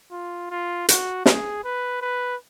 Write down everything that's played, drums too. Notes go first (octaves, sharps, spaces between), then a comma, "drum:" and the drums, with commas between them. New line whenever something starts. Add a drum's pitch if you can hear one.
F4
F4
F#4, drum: hi-hat
G#4, drum: snare
B4
B4